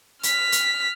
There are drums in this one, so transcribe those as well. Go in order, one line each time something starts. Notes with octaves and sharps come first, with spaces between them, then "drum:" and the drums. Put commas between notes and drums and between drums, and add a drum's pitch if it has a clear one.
F6 B6, drum: hi-hat
drum: hi-hat